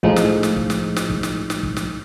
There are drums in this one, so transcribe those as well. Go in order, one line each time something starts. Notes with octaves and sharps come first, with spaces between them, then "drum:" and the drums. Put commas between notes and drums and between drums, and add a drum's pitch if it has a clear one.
A2 F3 G#3 D#4, drum: kick
drum: snare
drum: snare
drum: kick
drum: snare
drum: snare
drum: kick
drum: snare
drum: snare
drum: kick
drum: snare